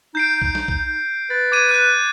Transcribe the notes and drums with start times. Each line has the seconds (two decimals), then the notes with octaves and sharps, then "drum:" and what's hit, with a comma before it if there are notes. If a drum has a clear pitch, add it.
0.15 D#4 G6 C7 D7
0.42 drum: kick
0.55 drum: snare
0.68 drum: kick
1.30 B4 A6
1.52 D6 G#6 D#7
1.69 F#6 D#7